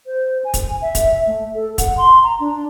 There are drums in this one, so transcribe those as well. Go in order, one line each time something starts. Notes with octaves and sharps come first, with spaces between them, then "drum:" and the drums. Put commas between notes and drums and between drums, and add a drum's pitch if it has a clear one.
C5
G#5
drum: kick, hi-hat
E5
drum: kick, hi-hat
A3
A4
F#5, drum: kick, hi-hat
C6
A#5
D4